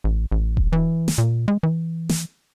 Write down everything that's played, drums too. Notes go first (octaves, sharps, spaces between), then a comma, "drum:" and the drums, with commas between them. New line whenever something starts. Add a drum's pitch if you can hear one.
A1
A1
drum: kick D#1
E3
drum: snare
A#2
G#3
E3
drum: snare